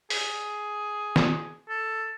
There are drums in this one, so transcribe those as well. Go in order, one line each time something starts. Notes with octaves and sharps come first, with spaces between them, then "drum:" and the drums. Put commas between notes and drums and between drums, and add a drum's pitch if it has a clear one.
G#4, drum: open hi-hat
drum: snare
A4